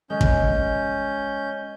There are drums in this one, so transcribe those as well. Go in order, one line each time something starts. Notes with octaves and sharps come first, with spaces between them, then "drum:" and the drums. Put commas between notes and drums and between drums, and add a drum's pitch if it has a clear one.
G#3 C#4 G6
drum: kick